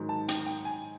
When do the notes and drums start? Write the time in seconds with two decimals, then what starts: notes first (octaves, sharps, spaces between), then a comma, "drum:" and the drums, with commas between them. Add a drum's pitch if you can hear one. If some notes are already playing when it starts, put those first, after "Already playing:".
Already playing: G#2 D#3 F#3
0.09 A5
0.28 G5, drum: hi-hat
0.47 G5
0.65 G#5